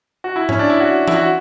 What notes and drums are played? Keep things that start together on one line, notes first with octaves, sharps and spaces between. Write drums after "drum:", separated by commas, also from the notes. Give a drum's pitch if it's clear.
F#4
E4
C#4, drum: tom G#2
D4
E4
F#4
E4, drum: tom E3
F#4